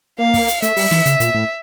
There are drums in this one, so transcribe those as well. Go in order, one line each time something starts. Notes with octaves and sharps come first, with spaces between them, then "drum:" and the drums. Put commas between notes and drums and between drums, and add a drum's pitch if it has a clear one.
A#3 F5
drum: kick, open hi-hat
drum: hi-hat
A3 E5, drum: hi-hat
G3, drum: open hi-hat
E3, drum: snare
C#3, drum: hi-hat
A#2, drum: hi-hat
A2